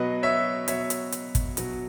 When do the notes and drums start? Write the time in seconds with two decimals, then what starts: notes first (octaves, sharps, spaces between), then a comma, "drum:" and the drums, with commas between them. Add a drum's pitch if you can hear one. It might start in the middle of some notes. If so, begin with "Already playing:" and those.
Already playing: B2 F#3 B4 D#5
0.23 C#5 E5
0.68 B2 F#3 C#5 E5, drum: hi-hat
0.90 drum: hi-hat
1.12 drum: hi-hat
1.35 drum: kick, hi-hat
1.57 B2 F#3, drum: hi-hat